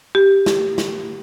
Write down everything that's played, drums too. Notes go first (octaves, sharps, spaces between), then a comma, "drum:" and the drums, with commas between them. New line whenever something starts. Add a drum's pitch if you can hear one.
G4
drum: snare
drum: snare